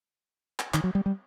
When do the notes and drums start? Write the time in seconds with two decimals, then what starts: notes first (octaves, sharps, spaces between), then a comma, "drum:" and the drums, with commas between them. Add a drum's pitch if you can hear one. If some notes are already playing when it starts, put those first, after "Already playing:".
0.59 drum: clap
0.74 D#3, drum: clap
0.84 F#3
0.95 G3
1.06 G3